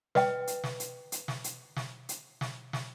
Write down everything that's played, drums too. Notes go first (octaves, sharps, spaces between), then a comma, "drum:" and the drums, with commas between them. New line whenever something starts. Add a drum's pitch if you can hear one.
B4 D#5 G5, drum: snare
drum: hi-hat
drum: snare
drum: hi-hat
drum: hi-hat
drum: snare
drum: hi-hat
drum: snare
drum: hi-hat
drum: snare
drum: snare